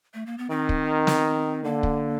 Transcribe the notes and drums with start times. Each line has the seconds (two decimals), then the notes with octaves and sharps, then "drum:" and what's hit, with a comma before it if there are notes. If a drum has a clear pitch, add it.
0.14 A3
0.26 A#3
0.38 B3
0.50 D#3 C4
0.69 drum: kick
1.07 drum: snare
1.64 D3 A#3
1.83 drum: kick